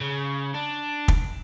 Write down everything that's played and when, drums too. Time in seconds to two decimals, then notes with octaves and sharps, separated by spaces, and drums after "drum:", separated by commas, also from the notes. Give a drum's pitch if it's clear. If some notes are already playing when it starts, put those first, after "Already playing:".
0.01 C#3
0.55 D4
1.08 drum: kick